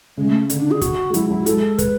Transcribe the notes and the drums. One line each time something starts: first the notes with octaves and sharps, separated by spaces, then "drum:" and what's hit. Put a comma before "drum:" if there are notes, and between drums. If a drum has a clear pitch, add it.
C#3 G#3
A3
D3, drum: hi-hat
D4
G#4
F#4, drum: kick, hi-hat
G#3
F#3 E4, drum: hi-hat
F#3 E4
G#3 A4, drum: hi-hat
B4, drum: kick, hi-hat